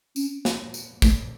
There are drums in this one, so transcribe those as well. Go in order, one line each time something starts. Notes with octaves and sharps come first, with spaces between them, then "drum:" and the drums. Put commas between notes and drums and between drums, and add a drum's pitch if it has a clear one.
C#4, drum: tambourine
drum: snare
drum: tambourine
A3, drum: kick, tambourine